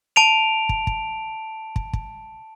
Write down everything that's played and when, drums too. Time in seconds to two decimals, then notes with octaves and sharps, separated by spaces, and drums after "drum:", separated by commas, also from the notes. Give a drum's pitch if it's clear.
0.16 A5 D7 F7
0.69 drum: kick
0.87 drum: kick
1.76 drum: kick
1.93 drum: kick